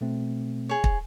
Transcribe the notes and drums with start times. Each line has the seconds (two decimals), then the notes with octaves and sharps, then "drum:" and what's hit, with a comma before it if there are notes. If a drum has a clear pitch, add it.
0.01 B2 A3 C4
0.69 G#4 C#5
0.84 drum: kick